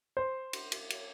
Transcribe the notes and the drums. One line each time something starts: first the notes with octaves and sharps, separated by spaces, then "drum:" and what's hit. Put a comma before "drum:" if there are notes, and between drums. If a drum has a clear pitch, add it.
C5
drum: cymbal
drum: cymbal
drum: cymbal